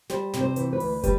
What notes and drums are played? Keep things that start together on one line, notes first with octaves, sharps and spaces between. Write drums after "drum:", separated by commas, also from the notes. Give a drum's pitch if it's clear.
G3 C5, drum: snare
C3, drum: snare
C5
E3, drum: hi-hat
B4
D2, drum: open hi-hat
G3 B4, drum: kick, hi-hat